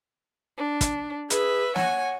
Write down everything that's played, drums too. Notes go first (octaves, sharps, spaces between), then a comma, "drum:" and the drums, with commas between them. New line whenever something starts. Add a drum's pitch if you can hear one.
D4
drum: kick, hi-hat
G#4 B4 E5, drum: hi-hat
C#5 F#5 G#5, drum: snare